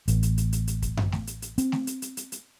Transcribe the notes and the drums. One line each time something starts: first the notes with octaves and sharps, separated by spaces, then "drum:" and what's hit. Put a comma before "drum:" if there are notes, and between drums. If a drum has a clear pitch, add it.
A1, drum: hi-hat
drum: hi-hat
drum: hi-hat
drum: hi-hat
drum: hi-hat
drum: kick, hi-hat
drum: tom F#2
drum: snare A3
drum: hi-hat
drum: hi-hat
C4, drum: hi-hat
drum: snare A3
drum: hi-hat
drum: hi-hat
drum: hi-hat
drum: hi-hat